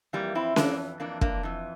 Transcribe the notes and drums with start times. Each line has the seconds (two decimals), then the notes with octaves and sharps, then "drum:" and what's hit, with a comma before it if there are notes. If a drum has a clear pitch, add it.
0.13 F2 E3 G3 A#3
0.35 C4 E4
0.56 F2 E3 A#3 D4, drum: snare C#4
1.00 F2 E3 A#3 D4
1.21 A#3 D4, drum: kick
1.43 F2 E3